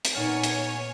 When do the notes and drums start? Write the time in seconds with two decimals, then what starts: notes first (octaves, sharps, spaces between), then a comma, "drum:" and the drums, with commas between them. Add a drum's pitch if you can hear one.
0.05 drum: hi-hat
0.15 A#2 B3 C#4 D#4 C#5 F#5 G#5 F6
0.44 drum: hi-hat